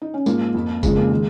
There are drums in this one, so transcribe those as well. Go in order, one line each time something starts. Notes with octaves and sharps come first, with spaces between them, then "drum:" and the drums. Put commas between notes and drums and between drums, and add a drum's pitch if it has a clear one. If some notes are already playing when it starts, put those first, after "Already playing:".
D#4
C#4
G#2 F3 A#3, drum: tambourine
F2 F3
F2 C#3 F3 G#3, drum: kick, tambourine
A#3
D#3 G#3